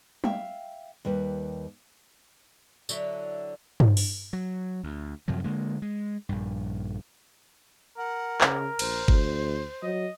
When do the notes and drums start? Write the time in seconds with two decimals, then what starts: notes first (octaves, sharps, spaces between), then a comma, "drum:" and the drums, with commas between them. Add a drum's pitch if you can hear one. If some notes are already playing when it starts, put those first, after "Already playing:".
0.24 E5 F5 G5, drum: tom
1.05 D#2 G3 B4
2.89 D3 F#3 E4, drum: tambourine
3.80 drum: tom
3.97 drum: open hi-hat
4.33 F#3
4.84 D2
5.28 F#2 C3 F3 F#3
5.44 D3 G#3 A#3
5.82 G#3
6.29 A#1 G2
7.98 A#4 F#5
8.41 C#3, drum: clap
8.79 A#1 C5, drum: cymbal
9.08 D2, drum: kick F#1
9.83 F#3 D#5